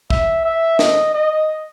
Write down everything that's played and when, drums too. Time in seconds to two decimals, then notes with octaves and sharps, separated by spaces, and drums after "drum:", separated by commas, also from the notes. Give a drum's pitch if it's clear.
0.10 E5, drum: kick
0.45 E5
0.79 D#5, drum: snare
1.15 D#5